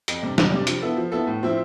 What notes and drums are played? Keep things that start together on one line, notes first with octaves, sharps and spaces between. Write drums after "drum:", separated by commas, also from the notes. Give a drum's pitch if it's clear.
F2, drum: hi-hat
C3 G3 D4
F2, drum: snare
C3 G3 D4
F3, drum: hi-hat
B3 E4 A4
F3
B3 E4 A4
A2
F3 C4 E4